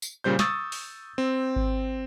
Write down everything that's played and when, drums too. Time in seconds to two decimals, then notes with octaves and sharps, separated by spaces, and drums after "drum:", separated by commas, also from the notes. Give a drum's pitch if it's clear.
0.02 drum: tambourine
0.24 A#2 C#3 G3 C5 G6
0.39 C#6 D#6 E6 A6, drum: snare
0.72 drum: open hi-hat
1.18 C4
1.56 drum: kick G#1